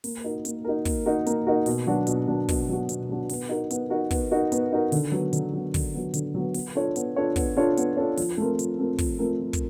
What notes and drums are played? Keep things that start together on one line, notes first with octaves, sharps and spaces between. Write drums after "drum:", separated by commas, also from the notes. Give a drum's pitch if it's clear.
A#3, drum: open hi-hat
D#4 F#4 A#4
A#3, drum: hi-hat
D#4 F#4 A#4
A#3, drum: kick, open hi-hat
D#4 F#4 A#4
A#3, drum: hi-hat
D#4 F#4 A#4
B2, drum: open hi-hat
F#3 B3 D4 F#4
B2, drum: hi-hat
F#3 B3 D4 F#4
B2, drum: kick, open hi-hat
F#3 B3 D4 F#4
B2, drum: hi-hat
F#3 B3 D4 F#4
B3, drum: open hi-hat
D#4 F#4 A#4
B3, drum: hi-hat
D#4 F#4 A#4
B3, drum: kick, open hi-hat
D#4 F#4 A#4
B3, drum: hi-hat
D#4 F#4 A#4
D3, drum: open hi-hat
F#3 B3
D3, drum: hi-hat
F#3 B3
D3, drum: kick, open hi-hat
F#3 B3
D3, drum: hi-hat
F#3 B3
B3, drum: open hi-hat
D4 F4 A4 C#5
B3, drum: hi-hat
D4 F4 A4 C#5
B3, drum: kick, open hi-hat
D4 F4 A4 C#5
B3, drum: hi-hat
D4 F4 A4 C#5
F3, drum: open hi-hat
A3 C4 F4 A#4
F3, drum: hi-hat
A3 C4 F4 A#4
F3, drum: kick, open hi-hat
A3 C4 F4 A#4
F3
drum: kick, hi-hat